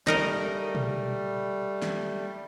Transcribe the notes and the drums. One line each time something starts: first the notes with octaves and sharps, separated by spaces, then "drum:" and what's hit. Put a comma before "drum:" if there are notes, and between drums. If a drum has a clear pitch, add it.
G3 A3 D#4 A#4 D#5, drum: snare
drum: tom A#2
drum: snare